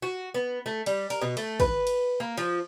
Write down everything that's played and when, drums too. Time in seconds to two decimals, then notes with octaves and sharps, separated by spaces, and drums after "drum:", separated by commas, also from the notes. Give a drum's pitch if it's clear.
0.02 F#4
0.34 B3
0.66 A3
0.86 G3, drum: cymbal
1.10 A#4, drum: cymbal
1.21 B2
1.37 A3, drum: cymbal
1.60 B4, drum: kick, cymbal
1.87 drum: cymbal
2.20 A#3
2.37 F3, drum: cymbal